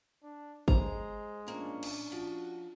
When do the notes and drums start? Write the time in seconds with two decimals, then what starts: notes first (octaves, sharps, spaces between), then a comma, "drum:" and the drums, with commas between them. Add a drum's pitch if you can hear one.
0.23 D4
0.68 G#3 C5 A#5, drum: kick
1.47 F3 A#3 C#4 D4
1.83 drum: cymbal
2.12 F3 F#4